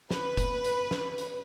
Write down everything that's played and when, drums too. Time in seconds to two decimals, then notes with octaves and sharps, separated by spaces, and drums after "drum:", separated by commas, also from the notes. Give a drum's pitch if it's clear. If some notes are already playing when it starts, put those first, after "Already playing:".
0.11 B4, drum: snare
0.37 drum: kick F1, hi-hat
0.64 drum: hi-hat
0.91 drum: snare
1.18 drum: hi-hat